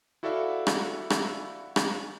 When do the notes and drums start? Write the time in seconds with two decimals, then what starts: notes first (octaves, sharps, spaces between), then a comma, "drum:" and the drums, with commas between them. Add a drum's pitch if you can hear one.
0.23 E4 F#4 A4 D5 E5 F5
0.67 drum: rim click
1.10 drum: rim click
1.76 drum: rim click